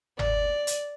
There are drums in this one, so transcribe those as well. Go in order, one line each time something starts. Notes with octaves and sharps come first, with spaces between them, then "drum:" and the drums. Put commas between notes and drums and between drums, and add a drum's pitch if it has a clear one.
D5, drum: tom G1
drum: hi-hat